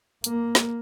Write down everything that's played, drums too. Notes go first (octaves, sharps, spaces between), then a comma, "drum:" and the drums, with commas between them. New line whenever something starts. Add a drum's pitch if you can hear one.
A#3, drum: hi-hat
drum: snare